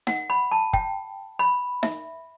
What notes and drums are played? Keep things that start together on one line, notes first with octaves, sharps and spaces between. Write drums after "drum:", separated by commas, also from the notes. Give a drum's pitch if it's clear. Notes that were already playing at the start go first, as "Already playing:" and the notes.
F#5, drum: snare D#4
B5
A5
G5, drum: kick
B5
E5, drum: snare D#4